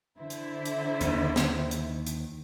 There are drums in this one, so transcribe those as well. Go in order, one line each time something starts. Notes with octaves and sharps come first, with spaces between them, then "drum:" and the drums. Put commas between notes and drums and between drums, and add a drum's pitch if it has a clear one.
D3 E4 C5
drum: hi-hat
drum: hi-hat
D#2 D#3, drum: hi-hat
drum: snare
drum: hi-hat
drum: hi-hat